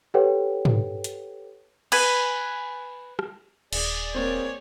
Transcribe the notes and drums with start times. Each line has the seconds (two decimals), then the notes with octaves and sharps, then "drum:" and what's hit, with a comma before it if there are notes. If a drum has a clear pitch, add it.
0.14 G4 A4 B4 C#5 F#5 G5
0.65 drum: tom
1.04 drum: hi-hat
1.92 B4 G#5, drum: cymbal
3.19 drum: rim click
3.73 D#1 G#4 D5, drum: cymbal
4.15 A#3 C4 C#5